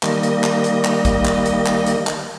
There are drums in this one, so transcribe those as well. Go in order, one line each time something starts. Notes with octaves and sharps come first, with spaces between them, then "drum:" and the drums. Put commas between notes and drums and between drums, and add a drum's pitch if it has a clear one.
D#3 G3 A#3 D#5, drum: clap
drum: hi-hat
drum: clap
drum: hi-hat
drum: clap
drum: kick, hi-hat
drum: clap
drum: hi-hat
drum: clap
drum: hi-hat
drum: clap